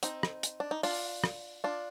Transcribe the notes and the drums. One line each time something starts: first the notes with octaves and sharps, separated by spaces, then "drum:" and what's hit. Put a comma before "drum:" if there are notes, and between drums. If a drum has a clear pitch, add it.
C4 D#4, drum: hi-hat
drum: rim click
drum: hi-hat
D4
D#4
D4 F4, drum: open hi-hat
drum: rim click
D4 F4